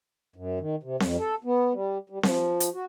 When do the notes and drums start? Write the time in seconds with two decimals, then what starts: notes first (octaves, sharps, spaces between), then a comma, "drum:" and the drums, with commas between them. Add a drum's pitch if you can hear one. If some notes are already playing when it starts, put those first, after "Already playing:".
0.36 F#2
0.60 D#3
0.83 C3
1.00 F2, drum: snare C4
1.19 A4
1.44 B3
1.73 G3
2.10 G3
2.23 F3, drum: snare C4
2.60 drum: hi-hat
2.74 F#4